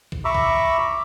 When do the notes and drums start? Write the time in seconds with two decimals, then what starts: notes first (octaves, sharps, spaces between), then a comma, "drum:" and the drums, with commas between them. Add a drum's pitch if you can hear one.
0.12 drum: kick
0.25 E5 A#5 B5 C#6 D6 E6
0.35 drum: kick